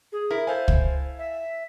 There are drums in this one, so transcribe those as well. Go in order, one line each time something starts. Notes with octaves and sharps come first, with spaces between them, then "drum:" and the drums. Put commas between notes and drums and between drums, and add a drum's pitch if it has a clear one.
G#4
E4 A#4
A4 C5 F5 G#5
drum: kick
E5